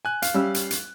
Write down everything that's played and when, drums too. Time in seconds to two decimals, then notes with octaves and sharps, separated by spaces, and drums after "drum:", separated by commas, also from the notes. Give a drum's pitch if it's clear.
0.05 G#5 F#6
0.22 F5, drum: hi-hat
0.34 G3 C#4 E6
0.54 drum: hi-hat
0.71 drum: hi-hat